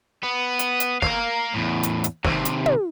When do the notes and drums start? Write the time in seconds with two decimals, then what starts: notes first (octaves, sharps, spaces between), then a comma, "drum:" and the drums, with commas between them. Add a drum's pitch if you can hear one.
0.23 B3
0.59 drum: hi-hat
0.80 drum: hi-hat
1.02 A#4 F5, drum: snare
1.54 E2 A2
1.83 drum: hi-hat
2.04 drum: hi-hat
2.25 D#2 C3, drum: snare
2.45 drum: hi-hat
2.66 drum: tom